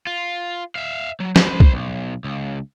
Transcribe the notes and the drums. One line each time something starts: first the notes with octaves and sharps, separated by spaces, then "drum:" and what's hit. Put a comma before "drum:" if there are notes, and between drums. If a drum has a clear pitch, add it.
F4
E5 F5
F#3
C5 B5, drum: snare
drum: kick B1
B1
C#2